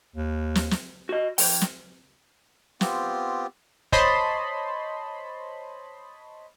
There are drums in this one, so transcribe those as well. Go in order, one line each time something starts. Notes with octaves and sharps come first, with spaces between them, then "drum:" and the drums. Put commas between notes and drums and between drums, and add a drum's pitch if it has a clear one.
D#2
drum: snare
drum: snare
F#4 D#5
F2 G5, drum: open hi-hat
drum: snare
B3 C4 F4 G4, drum: snare
C5 C#5 D#5 A5 B5 C6, drum: kick